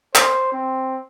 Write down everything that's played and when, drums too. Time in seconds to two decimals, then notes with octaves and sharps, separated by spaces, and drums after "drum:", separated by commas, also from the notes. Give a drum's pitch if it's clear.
0.15 C5, drum: clap
0.52 C4